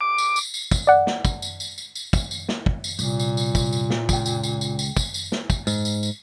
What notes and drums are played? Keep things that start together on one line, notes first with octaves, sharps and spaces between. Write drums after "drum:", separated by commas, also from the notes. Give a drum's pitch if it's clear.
D6
drum: tambourine
drum: tambourine
drum: tambourine
drum: kick, tambourine
D5 F#5
drum: snare
drum: kick, tambourine
drum: tambourine
drum: tambourine
drum: tambourine
drum: tambourine
drum: kick, tambourine
drum: tambourine
drum: snare
drum: kick
drum: tambourine
C2 G2 A#2, drum: tambourine
drum: tambourine
drum: tambourine
drum: kick, tambourine
drum: tambourine
drum: snare
C#2 G5, drum: kick, tambourine
drum: tambourine
drum: tambourine
drum: tambourine
drum: tambourine
drum: kick, tambourine
drum: tambourine
drum: snare
drum: kick, tambourine
G#2, drum: tambourine
drum: tambourine
drum: tambourine